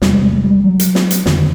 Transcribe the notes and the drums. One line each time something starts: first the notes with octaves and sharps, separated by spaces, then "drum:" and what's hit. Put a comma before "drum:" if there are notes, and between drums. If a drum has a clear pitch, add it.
E2 C3 G3, drum: snare
G#3
G3
G#3
G3
F#3
drum: hi-hat
drum: snare
drum: hi-hat
F2 D3 D#3, drum: snare